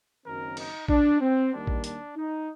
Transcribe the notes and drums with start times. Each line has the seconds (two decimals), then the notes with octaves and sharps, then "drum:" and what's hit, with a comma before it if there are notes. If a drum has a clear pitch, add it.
0.24 F#1 F#2 D#3 F#3 C4 A#4
0.57 D#4, drum: cymbal
0.88 D4, drum: kick
1.21 C4
1.52 D#2 D#3 G3 A#3 D4
1.67 drum: kick
1.84 D4, drum: hi-hat
2.16 D#4